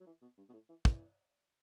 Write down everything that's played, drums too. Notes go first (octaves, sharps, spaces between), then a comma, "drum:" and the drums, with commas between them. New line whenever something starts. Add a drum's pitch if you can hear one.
F#3
E3
B2
G2
B2
A2
E3
E3, drum: kick